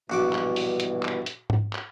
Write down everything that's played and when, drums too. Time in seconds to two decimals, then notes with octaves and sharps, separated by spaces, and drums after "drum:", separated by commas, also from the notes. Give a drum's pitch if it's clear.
0.10 A#1 G2 B2 E3 F#4 D6
0.33 drum: clap
0.56 drum: open hi-hat
0.80 drum: hi-hat
1.03 drum: clap
1.26 drum: hi-hat
1.50 drum: tom G#2
1.73 drum: clap